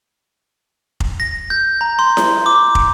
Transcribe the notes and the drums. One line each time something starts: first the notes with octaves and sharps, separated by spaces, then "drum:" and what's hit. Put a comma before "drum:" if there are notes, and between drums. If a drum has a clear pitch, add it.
drum: kick
A#6
G6
A#5
C6
drum: snare E4
D6
drum: kick